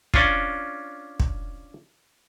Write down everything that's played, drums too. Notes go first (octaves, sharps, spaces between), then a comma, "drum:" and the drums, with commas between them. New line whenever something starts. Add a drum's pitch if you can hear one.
C#4 D4 F4, drum: kick
drum: kick